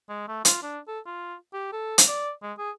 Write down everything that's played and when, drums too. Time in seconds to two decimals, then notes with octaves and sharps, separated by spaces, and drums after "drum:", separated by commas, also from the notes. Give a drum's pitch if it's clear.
0.09 G#3
0.28 A3
0.45 F4, drum: hi-hat
0.63 D4
0.88 A4
1.06 F4
1.53 G4
1.73 A4
1.98 drum: hi-hat
2.08 D5
2.43 G#3
2.58 G#4